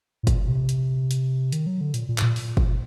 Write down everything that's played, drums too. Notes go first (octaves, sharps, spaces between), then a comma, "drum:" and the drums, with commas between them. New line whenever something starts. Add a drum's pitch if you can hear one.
A2
A#2, drum: kick, hi-hat
C3
drum: hi-hat
drum: hi-hat
D#3, drum: hi-hat
F#3
D3
A#2, drum: hi-hat
A#2
A2, drum: clap
A#2
drum: open hi-hat
drum: kick